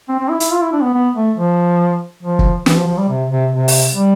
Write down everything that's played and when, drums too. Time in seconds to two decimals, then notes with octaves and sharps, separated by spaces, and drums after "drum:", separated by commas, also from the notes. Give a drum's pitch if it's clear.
0.09 C4
0.19 C4
0.29 E4
0.40 E4, drum: hi-hat
0.51 F4
0.61 E4
0.73 D4
0.83 B3
0.94 B3
1.16 A3
1.36 F3
2.23 F3
2.39 drum: kick
2.66 E3, drum: snare
2.76 F3
2.87 F3
2.98 G3
3.09 C3
3.30 C3
3.52 C3
3.68 drum: open hi-hat
3.95 G3